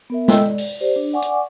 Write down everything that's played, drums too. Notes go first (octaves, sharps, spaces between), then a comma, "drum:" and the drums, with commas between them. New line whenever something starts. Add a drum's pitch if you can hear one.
B3 A#4 E5
G#3 A4 D#5 G5 E6, drum: snare
D5
drum: open hi-hat
G4 C5 D5
D4
D5 F#5 G#5 C#6 D6
drum: hi-hat